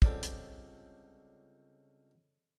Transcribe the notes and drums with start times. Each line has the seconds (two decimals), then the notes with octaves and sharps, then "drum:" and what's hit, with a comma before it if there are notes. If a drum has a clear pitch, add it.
0.02 C#2 D3 G3 C4 D5 D#6, drum: kick
0.23 drum: hi-hat